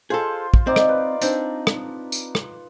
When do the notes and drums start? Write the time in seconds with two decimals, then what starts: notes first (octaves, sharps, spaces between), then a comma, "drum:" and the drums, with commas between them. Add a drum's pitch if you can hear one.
0.10 F4 G#4 A4 C5
0.54 drum: kick
0.67 C4 D#4 D5 D6
0.76 drum: rim click
0.89 B4
1.22 C4 D4 D#4, drum: tambourine
1.67 drum: rim click
2.12 drum: tambourine
2.35 drum: rim click